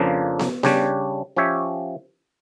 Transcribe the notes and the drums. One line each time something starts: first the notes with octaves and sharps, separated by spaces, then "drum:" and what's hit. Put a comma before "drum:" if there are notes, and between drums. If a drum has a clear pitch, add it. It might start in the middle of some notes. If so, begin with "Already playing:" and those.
Already playing: F2 C#3 F3 A#3 D4
drum: snare B3
C#3 G3 D4 G4 C#5, drum: snare B3
F3 C#4 G4 C#5 E5